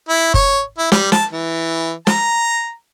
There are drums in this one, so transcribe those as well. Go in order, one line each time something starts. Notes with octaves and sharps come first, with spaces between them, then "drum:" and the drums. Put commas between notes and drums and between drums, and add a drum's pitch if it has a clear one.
E4
C#5, drum: kick
E4
G3, drum: snare
A5, drum: snare
E3
A#5, drum: snare